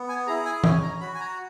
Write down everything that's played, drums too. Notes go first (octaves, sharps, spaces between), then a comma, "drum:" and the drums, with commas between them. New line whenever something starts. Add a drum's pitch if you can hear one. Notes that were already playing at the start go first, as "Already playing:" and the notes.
Already playing: B3
G#5
E4 G#4 A#5
G#5
C#4 G#5, drum: tom E3
A#5
F#4 B5
G#5
A#5